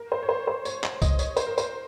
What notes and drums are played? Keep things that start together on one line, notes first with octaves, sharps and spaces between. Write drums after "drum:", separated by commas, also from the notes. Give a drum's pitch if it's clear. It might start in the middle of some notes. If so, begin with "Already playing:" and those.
Already playing: A#4
C5
C#5
C5
C5
C#5, drum: tambourine
C#5, drum: clap
D#5, drum: kick C2, tambourine
C#5, drum: tambourine
C5, drum: tambourine
A#4
C5, drum: tambourine